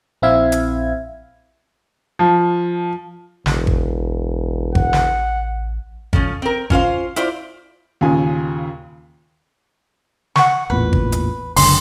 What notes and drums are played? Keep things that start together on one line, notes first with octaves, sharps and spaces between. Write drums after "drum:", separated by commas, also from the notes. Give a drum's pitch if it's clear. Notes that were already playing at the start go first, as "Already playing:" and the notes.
A#1 C4 E4 E5 F5 G#6
drum: hi-hat
F3
E1 A1, drum: snare
drum: kick G#1
F#5, drum: kick G#1
drum: snare
F3 A3 C#4, drum: kick G#1
C4 A#4
C#4 F4 C5 F5, drum: kick G#1
E4 F4 C5 D5, drum: hi-hat
D#2 A#2 C#3 G#5
F#5 C#6, drum: snare
A1 E2 A#2 B4
drum: kick G#1
drum: hi-hat
F#1 C#2 D3 C6, drum: open hi-hat